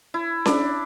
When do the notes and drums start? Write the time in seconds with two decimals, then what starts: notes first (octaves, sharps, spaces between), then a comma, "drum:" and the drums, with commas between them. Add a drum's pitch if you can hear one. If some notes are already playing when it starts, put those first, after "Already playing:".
0.14 E4
0.46 D4, drum: snare C#4